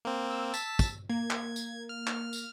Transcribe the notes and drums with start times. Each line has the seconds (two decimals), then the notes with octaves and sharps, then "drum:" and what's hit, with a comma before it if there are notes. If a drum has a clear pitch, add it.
0.05 A#3 C4
0.30 E6
0.54 A5 B6, drum: tambourine
0.79 drum: kick, tambourine
1.10 A#3 G#6
1.30 drum: clap
1.56 drum: tambourine
1.89 F6
2.07 drum: clap
2.33 drum: tambourine